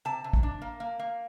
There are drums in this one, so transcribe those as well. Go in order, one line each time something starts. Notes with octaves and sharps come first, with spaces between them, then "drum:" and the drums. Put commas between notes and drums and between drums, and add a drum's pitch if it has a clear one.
C3 A5
C3
drum: kick
D4
A#3
A#3
A#3